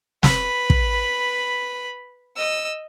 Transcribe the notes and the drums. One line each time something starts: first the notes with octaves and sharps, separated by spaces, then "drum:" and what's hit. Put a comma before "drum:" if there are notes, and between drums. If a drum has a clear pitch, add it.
B4 B5, drum: snare
drum: kick
D#5 E6